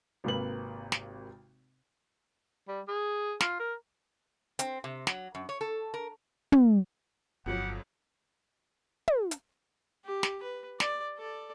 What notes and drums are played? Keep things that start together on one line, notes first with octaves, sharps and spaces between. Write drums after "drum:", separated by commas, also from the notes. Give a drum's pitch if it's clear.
G#1 C3 A#3 B4 F#7
drum: snare
G3
G#4
F4, drum: snare
A#4
C4, drum: hi-hat
C3
F#3, drum: snare
F#2
C#5
A4
A#4
drum: tom
G1 F2 F3 F#3 G4 F#5
drum: tom
drum: hi-hat
G4
drum: snare
B4
D5, drum: snare
A4 D5